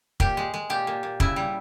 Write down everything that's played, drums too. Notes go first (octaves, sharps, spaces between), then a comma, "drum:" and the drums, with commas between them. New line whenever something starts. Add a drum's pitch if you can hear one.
A#2 G4, drum: kick
G#3
G#3
A#2 G4
A#2
A#2
C#3 E4, drum: kick
G3